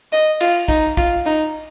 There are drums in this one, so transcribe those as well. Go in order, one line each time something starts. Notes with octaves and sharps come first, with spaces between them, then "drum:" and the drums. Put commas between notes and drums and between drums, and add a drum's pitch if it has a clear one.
D#5
F4, drum: cymbal
D#4, drum: kick
F4, drum: kick
D#4